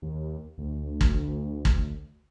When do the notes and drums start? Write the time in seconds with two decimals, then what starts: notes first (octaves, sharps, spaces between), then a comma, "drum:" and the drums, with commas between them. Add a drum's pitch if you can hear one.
0.02 D#2
0.58 D2
1.01 drum: kick
1.65 drum: kick